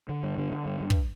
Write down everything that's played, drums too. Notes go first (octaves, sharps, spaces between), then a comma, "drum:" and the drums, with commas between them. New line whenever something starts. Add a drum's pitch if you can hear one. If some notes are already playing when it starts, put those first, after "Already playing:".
D3
G2
D3
D3
G2
G2
drum: kick